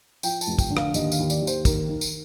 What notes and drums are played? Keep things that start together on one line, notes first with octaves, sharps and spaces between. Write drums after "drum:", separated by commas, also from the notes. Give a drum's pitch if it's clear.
F3 G5, drum: tambourine
A5, drum: tambourine
F1
G5, drum: kick, tambourine
D3
F5, drum: rim click
D#2 D#5, drum: tambourine
F5, drum: tambourine
D#2
D5, drum: tambourine
D#2
C5, drum: tambourine
D#3 A#4, drum: kick, tambourine
D#3
drum: tambourine